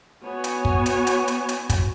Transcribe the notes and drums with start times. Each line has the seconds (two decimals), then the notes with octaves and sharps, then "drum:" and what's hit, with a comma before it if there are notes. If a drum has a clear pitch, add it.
0.23 B3 F#4 C#5 G#5
0.44 drum: hi-hat
0.65 drum: kick
0.86 drum: hi-hat
1.07 drum: hi-hat
1.28 drum: hi-hat
1.49 drum: hi-hat
1.70 drum: kick, hi-hat